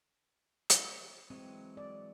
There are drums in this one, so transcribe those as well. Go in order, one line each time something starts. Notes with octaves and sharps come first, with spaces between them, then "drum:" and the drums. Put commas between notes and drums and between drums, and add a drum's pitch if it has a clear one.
drum: hi-hat
E3 F#3 G#3 C4
D5